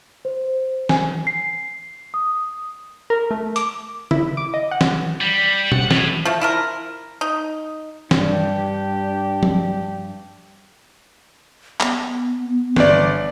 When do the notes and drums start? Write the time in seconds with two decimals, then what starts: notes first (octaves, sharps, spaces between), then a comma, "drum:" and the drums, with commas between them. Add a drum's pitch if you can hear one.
0.25 C5
0.89 G#5, drum: snare
1.27 C7
2.14 D#6
3.10 A#4
3.31 A3
3.56 D6, drum: hi-hat
4.11 E4, drum: tom C#3
4.37 D6
4.54 D#5
4.71 F#5
4.81 drum: snare
5.21 G3
5.72 F#5, drum: tom B2
5.91 A2, drum: snare
6.25 F3 A3
6.41 E4 F4 A#4
7.21 D#4
8.11 G2 D4 G4, drum: snare
9.43 drum: tom F3
11.80 B3, drum: clap
12.76 G1 D5, drum: snare